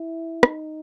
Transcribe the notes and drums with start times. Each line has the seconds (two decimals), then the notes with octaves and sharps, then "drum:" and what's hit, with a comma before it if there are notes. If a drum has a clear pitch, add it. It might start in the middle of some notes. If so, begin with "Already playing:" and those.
Already playing: E4
0.43 D#4, drum: rim click